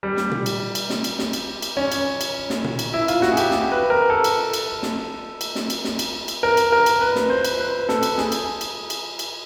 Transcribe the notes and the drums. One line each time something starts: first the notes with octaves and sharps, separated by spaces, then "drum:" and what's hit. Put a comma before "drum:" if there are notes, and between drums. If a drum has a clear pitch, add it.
G3
drum: snare
drum: tom A#2
drum: cymbal
drum: cymbal
drum: snare
drum: cymbal
drum: snare
drum: cymbal
drum: cymbal
C#4
drum: cymbal
drum: cymbal
drum: snare
drum: tom A#2
drum: cymbal
E4
F4, drum: cymbal
F#4, drum: snare
G#4
G4, drum: cymbal
G4, drum: snare
B4
A#4
A4
drum: cymbal
drum: cymbal
drum: snare
drum: cymbal
drum: snare
drum: cymbal
drum: snare
drum: cymbal
drum: cymbal
A#4
drum: cymbal
A#4
drum: cymbal
B4
drum: snare
C5
drum: cymbal
B4
A4, drum: snare
drum: cymbal
G#4, drum: snare
drum: cymbal
drum: cymbal
drum: cymbal
drum: cymbal